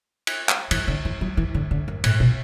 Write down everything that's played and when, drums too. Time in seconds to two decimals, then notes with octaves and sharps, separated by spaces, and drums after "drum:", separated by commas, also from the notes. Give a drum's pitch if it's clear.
0.27 drum: cymbal
0.49 drum: clap
0.71 E3, drum: cymbal
0.88 D3
1.05 E3
1.21 F#3
1.37 E3
1.55 D3
1.71 D3
1.88 F#2
2.04 A2, drum: cymbal
2.20 B2